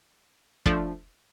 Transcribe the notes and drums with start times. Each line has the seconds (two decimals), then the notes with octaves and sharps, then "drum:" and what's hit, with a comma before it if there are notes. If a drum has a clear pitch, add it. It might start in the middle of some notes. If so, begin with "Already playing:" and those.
0.66 F3 A3 D4, drum: kick